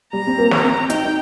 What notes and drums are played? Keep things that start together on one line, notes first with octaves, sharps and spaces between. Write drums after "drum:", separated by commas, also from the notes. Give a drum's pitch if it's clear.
G3 A#5
C4
A#3
drum: snare
C4
D#4 G5, drum: hi-hat
D#4